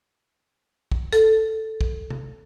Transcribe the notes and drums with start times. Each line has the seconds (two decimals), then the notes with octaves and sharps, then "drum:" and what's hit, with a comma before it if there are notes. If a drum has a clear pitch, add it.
0.92 drum: kick
1.13 A4, drum: hi-hat
1.81 drum: kick
2.10 drum: tom